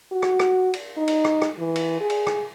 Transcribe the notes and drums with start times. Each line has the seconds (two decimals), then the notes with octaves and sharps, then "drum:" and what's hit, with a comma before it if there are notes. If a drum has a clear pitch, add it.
0.12 F#4
0.22 drum: rim click
0.39 drum: rim click
0.73 drum: cymbal
0.97 D#4
1.08 drum: cymbal
1.25 drum: rim click
1.42 drum: rim click
1.59 E3
1.76 drum: cymbal
2.01 G#4
2.10 drum: cymbal
2.27 drum: rim click